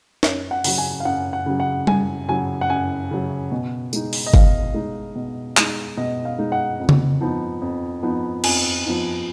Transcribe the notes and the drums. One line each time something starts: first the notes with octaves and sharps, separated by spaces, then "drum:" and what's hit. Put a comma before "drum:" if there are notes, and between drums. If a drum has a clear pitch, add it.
F#2 C#5, drum: snare
F#5
C#3 F#3, drum: open hi-hat
G#5
F5
F#2 F#5
F#5
C#3 F#3
F#5
F#2 G#5, drum: tom G3
C#3 F#3 G#5
F#5
F#2 G#5
C#3 F#3
B2
G#3 D#4, drum: tambourine
drum: open hi-hat
D#5
B2 F5, drum: kick G1
G#3 D#4
B2
G#3 D#4, drum: clap
B2 D#5
F5
G#3 D#4
F#5
F2
drum: tom C#3
F3 B3 D#4
F2
F3 B3 D#4
F2 G#5, drum: cymbal
F3 B3 D#4